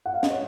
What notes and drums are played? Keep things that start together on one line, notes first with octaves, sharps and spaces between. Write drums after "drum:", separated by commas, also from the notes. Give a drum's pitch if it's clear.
F#5
F5
D#5, drum: snare
C#5